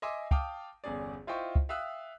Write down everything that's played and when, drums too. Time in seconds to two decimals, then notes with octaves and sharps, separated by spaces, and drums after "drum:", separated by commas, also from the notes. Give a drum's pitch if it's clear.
0.02 D#5 E5 G#5 C6 D6 E6
0.31 F5 G5 A5 D6 D#6 F6, drum: kick
0.84 G1 E2 C#4 G#4 D5
1.27 E4 F4 C5 D#5 G5 C#6
1.55 drum: kick
1.69 E5 F5 G5 D#6 E6 F#6